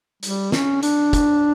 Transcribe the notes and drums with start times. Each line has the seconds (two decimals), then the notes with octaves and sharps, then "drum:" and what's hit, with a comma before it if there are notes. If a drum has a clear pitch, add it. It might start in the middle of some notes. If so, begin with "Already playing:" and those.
0.23 G3, drum: hi-hat
0.52 C#4, drum: snare
0.83 D4, drum: hi-hat
1.13 drum: kick, hi-hat